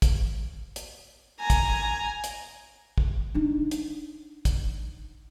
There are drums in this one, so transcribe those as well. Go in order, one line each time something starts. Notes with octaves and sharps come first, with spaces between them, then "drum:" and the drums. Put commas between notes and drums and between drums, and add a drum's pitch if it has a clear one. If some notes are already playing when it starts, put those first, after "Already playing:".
drum: kick, hi-hat
drum: hi-hat
G#5 A#5
drum: kick, hi-hat
drum: hi-hat
drum: kick
D4 D#4
drum: hi-hat
drum: kick, hi-hat